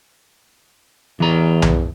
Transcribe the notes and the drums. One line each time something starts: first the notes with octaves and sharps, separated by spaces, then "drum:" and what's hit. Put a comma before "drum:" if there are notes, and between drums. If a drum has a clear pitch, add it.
E2 E3 A#5
drum: tom B1